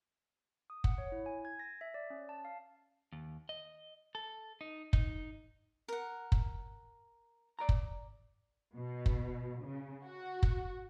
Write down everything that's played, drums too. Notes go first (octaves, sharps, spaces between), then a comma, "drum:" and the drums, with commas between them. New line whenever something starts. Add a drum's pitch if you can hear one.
D#6
F#5, drum: kick
C#5
E4
G#5
G#6
A#6
E5
D5
C#4
A5
F5
D#2
D#5
A4
D#4
D#4, drum: kick
A#4 F#5
drum: kick
D5 A#5
drum: kick
B2
drum: kick
C#3
F#4
drum: kick